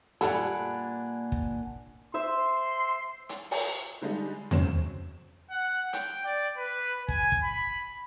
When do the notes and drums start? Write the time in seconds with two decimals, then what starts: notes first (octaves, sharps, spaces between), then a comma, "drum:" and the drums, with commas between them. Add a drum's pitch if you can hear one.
0.21 A#2 G3 D4 A4 F#5 G#5 B5, drum: hi-hat
1.32 drum: kick
2.14 C5 E5 C6 E6
3.29 drum: hi-hat
3.51 drum: open hi-hat
4.02 D3 G3 G#3 D4 D#4
4.51 C#3 F#3 C4 C5 E7, drum: tom E2
5.51 F#5
5.93 G5, drum: hi-hat
6.25 D5
6.57 B4
7.09 G#5, drum: kick
7.32 drum: kick
7.43 B5